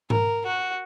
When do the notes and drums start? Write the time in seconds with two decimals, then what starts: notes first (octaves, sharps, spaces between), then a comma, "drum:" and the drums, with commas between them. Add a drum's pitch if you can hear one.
0.10 A#4, drum: tom G#2
0.46 F#4